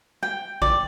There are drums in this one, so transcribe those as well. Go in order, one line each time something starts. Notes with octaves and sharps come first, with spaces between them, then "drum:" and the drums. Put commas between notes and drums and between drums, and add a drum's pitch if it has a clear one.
G5
D5, drum: kick A1